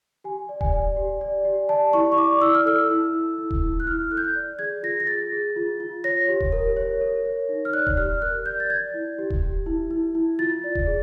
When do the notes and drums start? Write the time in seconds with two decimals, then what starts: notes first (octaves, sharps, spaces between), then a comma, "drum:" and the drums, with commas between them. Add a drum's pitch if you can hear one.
0.24 G4 G#5
0.49 D5
0.61 G#5, drum: kick D#1
0.73 D5
0.96 G4
1.21 D5
1.45 G4
1.69 D5 A5
1.93 E4 C#6
2.12 C#6
2.17 D5 D6
2.41 E4 E6
2.55 F6
2.66 A4 E6
2.90 E4
3.15 E4
3.38 E4
3.51 drum: kick D#1
3.62 E4
3.80 F#6
3.87 E4 F6
4.11 A4 F#6
4.17 G6
4.24 F#6
4.35 D5
4.59 G#4 G#6
4.83 F4 A#6
5.00 A#6
5.07 G#4 A6
5.32 G#4
5.56 F4
5.80 F4
6.04 C#5 A#6
6.29 G4
6.40 drum: kick D#1
6.52 A#4
6.77 C#5
7.01 A#4
7.25 C#5
7.49 D#4
7.65 F6
7.73 D5 F#6
7.87 F#6, drum: kick D#1
7.97 G4 F6
8.22 A#4 F#6
8.46 D5 G6
8.60 A6
8.70 D5 G#6
8.94 E4
9.19 G4
9.30 drum: kick D#1
9.43 G4
9.66 E4
9.91 E4
10.15 E4
10.39 F4 A6
10.64 D5
10.75 drum: kick D#1
10.87 G#4